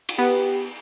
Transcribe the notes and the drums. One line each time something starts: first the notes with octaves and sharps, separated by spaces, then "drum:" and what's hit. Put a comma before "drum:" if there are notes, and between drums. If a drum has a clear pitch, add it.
drum: cymbal
B3 G4